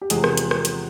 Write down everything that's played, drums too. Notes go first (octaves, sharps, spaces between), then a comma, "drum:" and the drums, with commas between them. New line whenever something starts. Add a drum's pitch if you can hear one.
G4
E2 C3 F3 G#3 G#4, drum: hi-hat
drum: rim click
drum: hi-hat
drum: rim click
drum: hi-hat